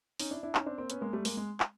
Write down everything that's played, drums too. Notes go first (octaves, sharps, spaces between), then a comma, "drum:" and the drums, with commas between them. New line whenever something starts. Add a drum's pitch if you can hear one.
C#4 D#4, drum: open hi-hat
D4 E4
D4 E4
C#4 D#4, drum: clap
C4 D4
A#3 C4
B3 C#4, drum: hi-hat
G#3 A#3
G3 A3
G#3 A#3, drum: open hi-hat
G#3
drum: clap